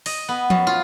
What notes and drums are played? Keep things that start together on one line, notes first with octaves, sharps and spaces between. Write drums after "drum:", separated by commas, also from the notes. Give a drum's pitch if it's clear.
D#5, drum: open hi-hat
B3
F#2, drum: tom F3
F4